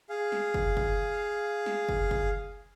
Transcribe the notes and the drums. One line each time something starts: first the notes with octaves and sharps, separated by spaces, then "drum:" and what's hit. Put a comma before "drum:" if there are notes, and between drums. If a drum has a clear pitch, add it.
G#4 F5
drum: snare
drum: kick
drum: kick
drum: snare
drum: kick
drum: kick